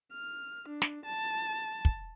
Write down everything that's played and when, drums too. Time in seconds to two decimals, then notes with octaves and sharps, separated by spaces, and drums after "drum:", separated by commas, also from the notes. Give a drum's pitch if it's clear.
0.12 F6
0.68 D4
0.82 drum: snare
1.05 A5
1.85 drum: kick